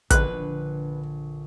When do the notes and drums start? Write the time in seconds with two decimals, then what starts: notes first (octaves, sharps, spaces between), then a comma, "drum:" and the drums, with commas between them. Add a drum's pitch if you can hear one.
0.10 A#1 D3 B4 F#6, drum: kick, hi-hat